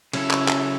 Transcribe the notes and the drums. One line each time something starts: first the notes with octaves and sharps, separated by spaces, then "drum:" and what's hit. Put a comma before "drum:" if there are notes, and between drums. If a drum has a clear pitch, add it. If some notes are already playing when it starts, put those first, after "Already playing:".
C#3 F#3 C#4 E4 A4, drum: cymbal
drum: clap
drum: clap